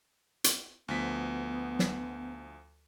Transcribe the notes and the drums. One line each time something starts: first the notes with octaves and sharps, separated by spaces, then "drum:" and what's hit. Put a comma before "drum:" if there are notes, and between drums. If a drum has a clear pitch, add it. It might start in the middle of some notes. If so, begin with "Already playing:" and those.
drum: hi-hat
D2 F3 B3 B6
drum: snare